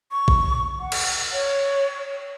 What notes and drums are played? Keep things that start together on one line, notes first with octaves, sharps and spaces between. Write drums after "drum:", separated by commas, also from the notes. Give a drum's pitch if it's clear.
C#6
drum: kick A1
F#5
drum: cymbal
C#5